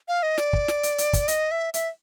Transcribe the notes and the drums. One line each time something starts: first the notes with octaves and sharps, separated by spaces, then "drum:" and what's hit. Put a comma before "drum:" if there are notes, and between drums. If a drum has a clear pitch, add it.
F5
D#5
D5, drum: snare
drum: kick
drum: snare
drum: hi-hat
drum: hi-hat
drum: kick, hi-hat
D#5, drum: hi-hat
E5
E5, drum: hi-hat